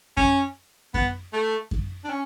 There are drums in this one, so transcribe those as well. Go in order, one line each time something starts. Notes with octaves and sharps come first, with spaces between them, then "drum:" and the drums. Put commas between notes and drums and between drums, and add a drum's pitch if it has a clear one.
C#4, drum: kick F#2
B3, drum: kick F#2
A3
drum: kick F#2
D4
C#4